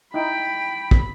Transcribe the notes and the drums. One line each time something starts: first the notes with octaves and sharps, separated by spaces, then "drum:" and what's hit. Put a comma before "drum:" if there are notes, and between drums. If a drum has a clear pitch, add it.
D#4 E4 G5 B5
drum: kick